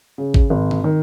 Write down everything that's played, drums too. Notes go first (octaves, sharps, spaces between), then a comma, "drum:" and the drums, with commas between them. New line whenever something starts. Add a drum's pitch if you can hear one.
C#3
drum: kick G#1
G#1
drum: tom B2
D#3